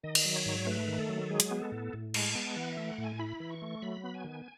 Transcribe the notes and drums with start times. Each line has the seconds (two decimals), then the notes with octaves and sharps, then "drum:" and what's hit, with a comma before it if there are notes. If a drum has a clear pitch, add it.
0.04 D#3 D#5
0.15 drum: cymbal
0.25 F#3
0.36 C#5
0.46 G#2
0.67 A3 B4
0.88 D#3
0.98 A4
1.09 F#3
1.30 G#3 G#4
1.40 drum: hi-hat
1.51 B3
1.62 A4
1.72 A2
1.93 A2
2.14 G#3, drum: cymbal
2.25 A5
2.35 B3
2.56 E3 F#5
2.72 A3 E5
2.88 F#5
2.98 A2
3.03 G#5
3.19 E4 B5
3.40 E3
3.50 C#6
3.62 A3
3.82 F#3 B5
4.04 B3
4.14 G#5
4.24 D#3